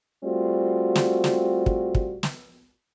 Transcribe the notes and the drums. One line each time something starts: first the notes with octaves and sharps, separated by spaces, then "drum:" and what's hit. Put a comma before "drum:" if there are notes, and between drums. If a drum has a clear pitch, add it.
G3 A3 C4 F4 F#4
drum: snare
drum: snare
drum: kick
drum: kick
drum: snare